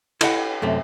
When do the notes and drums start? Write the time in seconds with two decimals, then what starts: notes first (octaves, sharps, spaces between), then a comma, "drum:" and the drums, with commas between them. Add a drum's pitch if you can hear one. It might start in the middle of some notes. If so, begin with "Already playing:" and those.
0.21 E4 A4 D#5 E5 F#5 G5, drum: cymbal
0.62 F#2 C3 A3